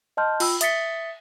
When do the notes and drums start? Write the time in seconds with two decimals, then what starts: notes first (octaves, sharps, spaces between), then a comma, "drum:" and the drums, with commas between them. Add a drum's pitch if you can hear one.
0.17 D#5 G5 A5 C6 F6 G6
0.40 F4 G5 B5 E6, drum: cymbal
0.61 E5 D#6 A6 B6 C#7 G7, drum: hi-hat